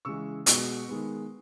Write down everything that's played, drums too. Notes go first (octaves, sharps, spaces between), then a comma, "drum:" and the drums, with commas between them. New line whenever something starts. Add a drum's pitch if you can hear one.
C#3 E3 G#3 C#6 E6
B2 G#3 B3 C#6 E6, drum: hi-hat
D#3 G#3 B3